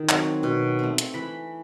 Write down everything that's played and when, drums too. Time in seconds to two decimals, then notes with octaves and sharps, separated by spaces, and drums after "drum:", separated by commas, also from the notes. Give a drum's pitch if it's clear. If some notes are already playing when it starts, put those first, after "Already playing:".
Already playing: D#3
0.09 F#3 C4, drum: clap
0.43 B2
0.79 A3 C4
0.98 drum: hi-hat
1.14 E3 B5